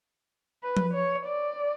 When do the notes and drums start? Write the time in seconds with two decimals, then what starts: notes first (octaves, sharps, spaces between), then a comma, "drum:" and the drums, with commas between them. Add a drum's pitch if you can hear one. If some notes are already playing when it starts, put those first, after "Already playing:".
0.64 B4
0.77 drum: tom F3
0.94 C#5
1.26 D5